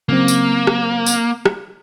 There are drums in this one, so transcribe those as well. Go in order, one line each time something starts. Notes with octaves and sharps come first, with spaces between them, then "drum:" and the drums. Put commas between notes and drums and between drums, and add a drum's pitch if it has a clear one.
C#3 F#3 A#3 C4
drum: tambourine
drum: rim click
drum: tambourine
drum: rim click